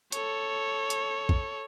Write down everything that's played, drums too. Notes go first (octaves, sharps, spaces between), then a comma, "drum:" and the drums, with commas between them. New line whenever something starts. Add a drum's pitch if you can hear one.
A4 C#5, drum: hi-hat
drum: hi-hat
drum: kick